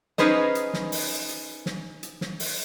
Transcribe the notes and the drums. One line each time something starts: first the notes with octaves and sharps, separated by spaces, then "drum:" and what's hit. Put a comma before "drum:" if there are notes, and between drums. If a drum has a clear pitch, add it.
C#4 D#4 G#4 B4 C5 D#5, drum: snare
drum: hi-hat
drum: snare
drum: open hi-hat
drum: hi-hat
drum: snare
drum: hi-hat
drum: snare
drum: open hi-hat